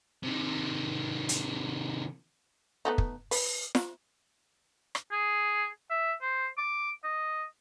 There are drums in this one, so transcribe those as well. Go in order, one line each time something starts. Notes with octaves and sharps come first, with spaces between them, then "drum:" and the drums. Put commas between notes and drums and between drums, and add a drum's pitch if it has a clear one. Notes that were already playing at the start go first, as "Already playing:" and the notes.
C3 D#3
drum: hi-hat
A3 B3 D#4
drum: kick
B4, drum: open hi-hat
drum: snare
drum: rim click
G#4
E5
C5
D6
D#5